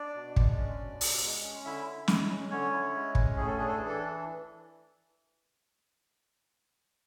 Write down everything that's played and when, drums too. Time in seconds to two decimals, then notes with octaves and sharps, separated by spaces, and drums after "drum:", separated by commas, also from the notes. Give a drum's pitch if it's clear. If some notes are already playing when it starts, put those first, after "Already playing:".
Already playing: D4 D5
0.15 B2
0.36 G#3, drum: kick
0.58 C#4
0.79 B2
1.01 B2, drum: open hi-hat
1.22 G#3
1.43 C#4
1.65 D3 E4 E5
1.86 E4
2.08 G#3, drum: snare
2.30 C#4
2.51 D3 C#4 C#5
2.72 E4
2.94 G#3
3.15 C#4, drum: kick
3.37 A2 G#4
3.47 A4
3.57 D4 G#4
3.68 A4
3.78 E3 G#4
3.88 A4